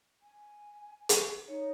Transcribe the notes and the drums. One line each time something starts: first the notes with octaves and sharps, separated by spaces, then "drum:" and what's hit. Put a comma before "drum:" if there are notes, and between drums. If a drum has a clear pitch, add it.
G#5
drum: hi-hat
D#4 C#5